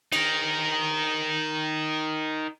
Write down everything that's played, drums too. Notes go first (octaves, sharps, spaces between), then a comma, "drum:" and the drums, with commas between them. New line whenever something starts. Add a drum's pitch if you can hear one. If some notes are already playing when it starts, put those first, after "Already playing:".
D#4 A#4, drum: cymbal